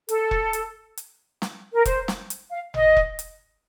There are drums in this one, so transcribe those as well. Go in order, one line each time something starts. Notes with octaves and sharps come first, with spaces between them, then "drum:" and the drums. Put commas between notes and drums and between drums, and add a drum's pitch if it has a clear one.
A4, drum: hi-hat
drum: kick E1
drum: hi-hat
drum: hi-hat
drum: snare
A#4
C5, drum: kick E1, hi-hat
drum: snare
drum: hi-hat
F5
D#5, drum: tom G#1
drum: kick E1
drum: hi-hat